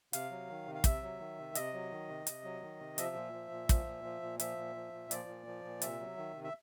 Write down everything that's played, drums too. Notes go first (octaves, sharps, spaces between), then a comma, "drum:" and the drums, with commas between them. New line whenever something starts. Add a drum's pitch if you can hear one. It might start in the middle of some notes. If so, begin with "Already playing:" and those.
C3 F5, drum: hi-hat
F#3
D#3
C3
F5
C3 E5, drum: kick, hi-hat
F#3
D#3
C3
C3 D#5, drum: hi-hat
F#3
D#3
C3
C3, drum: hi-hat
F#3
D#3
C3
F3 E5, drum: hi-hat
A#2
F3
A#2
F3, drum: kick, hi-hat
A#2
F3
A#2
F3 E5, drum: hi-hat
A#2
F3
A#2
F3 D5, drum: hi-hat
A#2
F3
A#2
C3 E5, drum: hi-hat
F#3
D#3
C3
E5